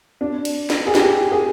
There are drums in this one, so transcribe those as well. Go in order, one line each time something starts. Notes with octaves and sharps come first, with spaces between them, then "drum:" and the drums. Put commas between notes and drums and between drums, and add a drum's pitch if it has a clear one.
D4
drum: cymbal
drum: snare
G#4
G4, drum: snare
G#4